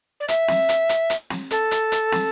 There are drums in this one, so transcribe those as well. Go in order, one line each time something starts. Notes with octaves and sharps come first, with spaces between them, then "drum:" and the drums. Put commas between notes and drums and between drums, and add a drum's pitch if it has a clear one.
D5
E5, drum: hi-hat
drum: snare
drum: hi-hat
drum: hi-hat
drum: hi-hat
drum: snare
A4, drum: hi-hat
drum: hi-hat
drum: hi-hat
drum: snare